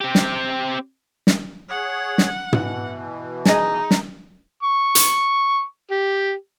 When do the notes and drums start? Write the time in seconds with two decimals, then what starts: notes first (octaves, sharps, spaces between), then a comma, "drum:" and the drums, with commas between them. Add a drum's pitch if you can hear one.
0.01 C4 G4
0.15 drum: snare
1.27 drum: snare
1.70 G#4 C#5 F#5
2.18 drum: snare
2.53 B2 E3, drum: tom
3.45 D#4 G#4 D#5, drum: snare
3.91 drum: snare
4.63 C#6
4.95 drum: hi-hat
5.91 G4